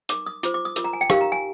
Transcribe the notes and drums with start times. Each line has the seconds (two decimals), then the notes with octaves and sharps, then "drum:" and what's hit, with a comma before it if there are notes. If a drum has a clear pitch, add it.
0.09 D#4 A#4 D6, drum: hi-hat
0.26 D#6
0.43 F4 C5 D6, drum: hi-hat
0.54 D6
0.65 D#6
0.76 F4 A#4 D6, drum: hi-hat
0.84 A#5
0.93 G#5
1.01 G5
1.10 D#4 G4 A#4 F5, drum: rim click
1.21 A#5
1.32 G#5